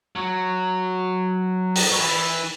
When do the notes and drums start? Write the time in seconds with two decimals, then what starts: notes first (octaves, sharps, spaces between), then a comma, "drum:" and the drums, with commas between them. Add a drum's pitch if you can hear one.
0.16 F#3
1.75 drum: open hi-hat
1.91 F#3
1.99 E3